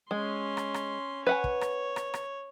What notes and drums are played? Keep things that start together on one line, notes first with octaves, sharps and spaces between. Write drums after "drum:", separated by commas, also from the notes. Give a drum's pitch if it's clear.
G#3 C#4 C6
drum: rim click
drum: rim click
B4 C#5 F#5 G#5
drum: kick
drum: rim click
drum: rim click
drum: rim click